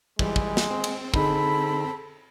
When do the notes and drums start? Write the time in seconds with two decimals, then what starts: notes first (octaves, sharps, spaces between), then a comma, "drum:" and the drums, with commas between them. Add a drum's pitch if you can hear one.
0.19 E3 G3 G#3, drum: kick
0.36 drum: kick
0.57 drum: snare
0.70 C4
0.84 drum: cymbal
1.14 D3 D#4 G#4 A4 B5, drum: kick